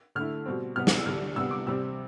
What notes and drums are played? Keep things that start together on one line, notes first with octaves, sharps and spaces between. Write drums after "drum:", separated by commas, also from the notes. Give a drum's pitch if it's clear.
D3 A3 E4 F6
B2 G3 C4
C3 G3 B3 F6
drum: snare
E6
D3 G3 D4 F6
C3 G3 B3 E6
D6
C3 G3 C4 E6